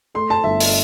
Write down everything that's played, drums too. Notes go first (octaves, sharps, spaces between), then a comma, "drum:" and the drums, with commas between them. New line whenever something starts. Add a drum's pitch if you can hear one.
A3 C6
A5
G1 E5
drum: open hi-hat